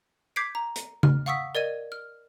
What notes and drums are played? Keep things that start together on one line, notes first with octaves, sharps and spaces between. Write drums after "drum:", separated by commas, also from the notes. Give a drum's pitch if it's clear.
D6 G6 G#6 B6 C7 D7
A#5
drum: hi-hat
F6, drum: tom C#3
F5 F#5 C#6 D#6 E6 B6
A#4 D5 D#5 G#6 D#7
F6